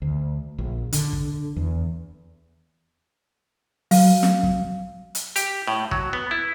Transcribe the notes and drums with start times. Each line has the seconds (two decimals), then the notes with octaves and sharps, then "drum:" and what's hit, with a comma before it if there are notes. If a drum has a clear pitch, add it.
0.02 D2
0.58 A#1
0.92 D3, drum: hi-hat
1.13 drum: kick
1.56 E2
3.91 F#3 F5, drum: open hi-hat
4.23 drum: snare
4.43 drum: kick
5.15 drum: hi-hat
5.36 G4, drum: hi-hat
5.68 A2
5.91 F#3, drum: kick
6.13 B3
6.31 E4